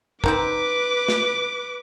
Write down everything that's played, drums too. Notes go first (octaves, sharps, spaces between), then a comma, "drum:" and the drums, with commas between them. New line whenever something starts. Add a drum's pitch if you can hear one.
C4 D#4 A#4 B4 D6, drum: kick
drum: snare